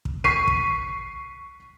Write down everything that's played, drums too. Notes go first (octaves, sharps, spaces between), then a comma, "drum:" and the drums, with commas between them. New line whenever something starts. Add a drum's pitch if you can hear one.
drum: kick
C#6 B6 C7 D#7, drum: kick
drum: kick